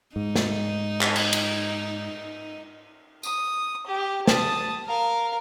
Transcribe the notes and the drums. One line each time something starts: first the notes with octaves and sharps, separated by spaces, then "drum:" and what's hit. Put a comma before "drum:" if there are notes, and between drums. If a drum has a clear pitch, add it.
G#2 D#4
drum: snare
drum: clap
drum: cymbal
drum: cymbal
D#6, drum: tambourine
G4
A5 D#6, drum: snare
A#4 F5